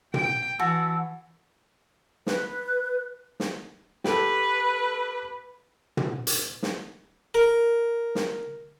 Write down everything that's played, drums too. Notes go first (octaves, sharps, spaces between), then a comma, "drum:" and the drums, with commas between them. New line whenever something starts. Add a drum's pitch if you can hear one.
G5, drum: tom
E3 F#4 A5 E6
B4, drum: snare
drum: snare
G4 A4 B4, drum: snare
drum: tom
drum: hi-hat
drum: snare
A#4
drum: snare